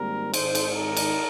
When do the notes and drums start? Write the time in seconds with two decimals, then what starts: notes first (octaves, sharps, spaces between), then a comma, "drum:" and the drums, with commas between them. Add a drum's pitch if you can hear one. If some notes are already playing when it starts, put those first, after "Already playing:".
Already playing: G#1 G#2 G3 A#3 A#4
0.34 G#1 G#2 D#3 G#3 D#4 C5, drum: cymbal
0.55 drum: cymbal
0.76 A#4
0.97 drum: cymbal